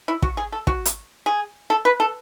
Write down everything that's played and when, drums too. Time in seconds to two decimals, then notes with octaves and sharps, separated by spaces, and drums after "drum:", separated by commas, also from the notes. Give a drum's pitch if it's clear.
0.08 E4
0.22 F#4, drum: kick
0.37 G#4
0.52 A4
0.67 F#4, drum: kick
0.85 drum: hi-hat
1.26 G#4
1.70 A4
1.85 B4
2.00 A4